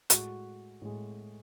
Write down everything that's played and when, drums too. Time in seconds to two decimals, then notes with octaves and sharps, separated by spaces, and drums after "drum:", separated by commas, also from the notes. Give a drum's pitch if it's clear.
0.10 A2 G#3 F#4, drum: hi-hat
0.82 A2 G#3